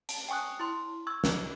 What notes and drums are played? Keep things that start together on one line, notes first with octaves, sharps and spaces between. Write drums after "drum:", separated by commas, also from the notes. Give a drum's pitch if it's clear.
A5, drum: hi-hat
G5 G#5 C#6 D#6 F#6
E4 C6
C#6 E6 G#6
drum: snare